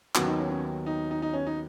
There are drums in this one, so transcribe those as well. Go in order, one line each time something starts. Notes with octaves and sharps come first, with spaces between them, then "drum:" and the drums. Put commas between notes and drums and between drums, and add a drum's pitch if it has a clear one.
D#2 D#3 F#3 B3 C#4 F#4, drum: clap
D#4
C#4
C#4
D#4
D#4
D#4
C#4
D#4